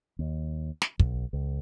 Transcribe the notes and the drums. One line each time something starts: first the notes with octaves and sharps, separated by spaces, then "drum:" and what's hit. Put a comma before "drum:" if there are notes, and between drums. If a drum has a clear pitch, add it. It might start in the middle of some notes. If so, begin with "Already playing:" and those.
D#2
drum: snare
B1, drum: kick
C#2